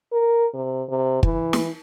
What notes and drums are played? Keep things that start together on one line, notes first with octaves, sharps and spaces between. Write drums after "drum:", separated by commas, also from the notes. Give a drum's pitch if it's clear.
A#4
C3
C3
E3, drum: kick
drum: snare